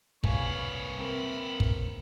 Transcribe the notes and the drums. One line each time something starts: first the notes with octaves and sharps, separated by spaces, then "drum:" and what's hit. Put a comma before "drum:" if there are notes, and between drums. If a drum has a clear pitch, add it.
C2 A#3 B4 C#5 F5 G#5 B5, drum: kick
C4 A#4 E5 B5
drum: kick